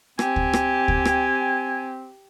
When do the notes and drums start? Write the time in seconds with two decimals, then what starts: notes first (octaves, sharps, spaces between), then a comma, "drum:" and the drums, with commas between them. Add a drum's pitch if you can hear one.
0.19 C4 G4 G#5, drum: rim click
0.36 drum: kick
0.53 drum: rim click
0.88 drum: kick
1.05 drum: rim click